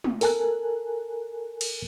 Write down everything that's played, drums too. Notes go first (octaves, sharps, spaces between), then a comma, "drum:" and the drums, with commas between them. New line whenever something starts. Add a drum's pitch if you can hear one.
drum: tom G#3
A4 A#4 G#5 A5 F#6, drum: open hi-hat
drum: cymbal